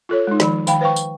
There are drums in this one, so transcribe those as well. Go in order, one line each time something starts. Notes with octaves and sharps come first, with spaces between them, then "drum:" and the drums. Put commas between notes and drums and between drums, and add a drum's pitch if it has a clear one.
F4 A4 C#5
G#3 D#4
D#3 F3 B5, drum: snare
D#3 F5 G5 B5, drum: tambourine
B4 C5 F5 G5 C#6
drum: tambourine